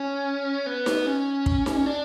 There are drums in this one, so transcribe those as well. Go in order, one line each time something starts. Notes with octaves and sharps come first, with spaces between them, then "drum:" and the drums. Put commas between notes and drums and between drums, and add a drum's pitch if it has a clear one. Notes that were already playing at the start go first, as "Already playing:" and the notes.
Already playing: C#4
B3
drum: snare D#4
C#4
drum: kick
drum: snare D#4
D4